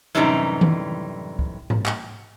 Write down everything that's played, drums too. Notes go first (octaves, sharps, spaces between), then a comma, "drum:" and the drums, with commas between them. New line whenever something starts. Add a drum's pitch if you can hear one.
F#2 A2 C3 E3 G3 D#4
drum: tom D#3
drum: kick
drum: tom G#2
drum: clap